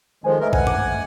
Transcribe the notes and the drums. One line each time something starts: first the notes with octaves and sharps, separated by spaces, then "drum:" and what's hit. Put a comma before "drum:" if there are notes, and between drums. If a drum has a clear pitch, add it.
D#3 F3 G#3 A4 C5 G#5
A3 A#4 B4 D#5 E5
D2 F#5 G#5, drum: kick A1
D6 F#6, drum: tom F#2